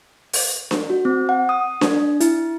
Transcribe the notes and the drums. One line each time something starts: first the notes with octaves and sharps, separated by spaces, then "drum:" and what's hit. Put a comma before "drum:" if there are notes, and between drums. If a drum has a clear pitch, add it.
drum: open hi-hat
drum: snare D4
F#4
C4
F#5
D#6
D4, drum: snare D4
E4, drum: hi-hat